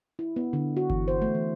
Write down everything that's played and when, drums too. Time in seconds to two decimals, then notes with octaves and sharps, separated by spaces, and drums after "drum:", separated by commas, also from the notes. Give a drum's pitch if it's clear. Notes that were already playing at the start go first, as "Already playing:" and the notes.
0.19 E4
0.36 B3
0.53 D3
0.77 F#4
0.90 E3, drum: kick G1
1.08 C5
1.22 A3
1.35 E3